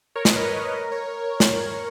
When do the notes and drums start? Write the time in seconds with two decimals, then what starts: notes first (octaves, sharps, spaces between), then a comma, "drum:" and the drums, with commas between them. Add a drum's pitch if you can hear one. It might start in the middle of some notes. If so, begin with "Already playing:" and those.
0.16 A#4 C#5
0.25 B4 D#5, drum: snare
0.36 A#4 C#5
0.46 A#4
0.92 C#5
1.40 drum: snare